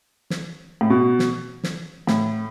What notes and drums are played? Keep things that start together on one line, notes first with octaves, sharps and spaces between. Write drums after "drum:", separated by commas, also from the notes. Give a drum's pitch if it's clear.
drum: snare
A2
B2
drum: snare
drum: snare
A2, drum: snare